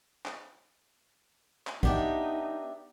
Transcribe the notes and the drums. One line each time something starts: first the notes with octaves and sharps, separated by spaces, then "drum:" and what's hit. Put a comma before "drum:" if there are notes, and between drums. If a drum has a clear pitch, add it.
drum: clap
drum: clap
B3 D4 D#4 G4 E5, drum: kick A#1